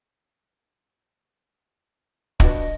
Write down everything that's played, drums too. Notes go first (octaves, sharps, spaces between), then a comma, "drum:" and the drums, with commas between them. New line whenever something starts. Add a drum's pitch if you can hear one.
D4 F#4 B4 D#5, drum: kick